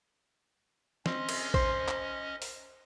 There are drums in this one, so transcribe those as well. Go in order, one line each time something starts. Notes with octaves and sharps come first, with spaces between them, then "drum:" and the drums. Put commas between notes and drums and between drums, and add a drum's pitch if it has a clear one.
C4 C#4 D#5, drum: snare
drum: cymbal
C5, drum: kick A1
drum: clap
drum: open hi-hat